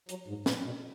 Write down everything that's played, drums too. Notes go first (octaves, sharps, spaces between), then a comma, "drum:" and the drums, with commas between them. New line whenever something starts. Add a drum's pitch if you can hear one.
F#3, drum: hi-hat
G#2
A#2, drum: snare
B2